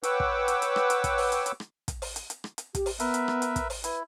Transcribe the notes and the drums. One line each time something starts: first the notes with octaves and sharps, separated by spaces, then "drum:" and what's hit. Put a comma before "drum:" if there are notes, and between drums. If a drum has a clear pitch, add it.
B4 C#5 F#5 G5 D6 E6, drum: hi-hat
drum: kick
drum: hi-hat
drum: hi-hat
drum: rim click
drum: hi-hat
drum: kick, hi-hat
drum: open hi-hat
drum: hi-hat
drum: hi-hat
drum: rim click
drum: kick, hi-hat
drum: open hi-hat
drum: hi-hat
drum: hi-hat
drum: rim click
drum: hi-hat
G4, drum: kick, hi-hat
drum: open hi-hat
B3 A#4 B4 E5, drum: hi-hat
drum: hi-hat
drum: rim click
drum: hi-hat
drum: kick, hi-hat
drum: open hi-hat
E4 B4, drum: hi-hat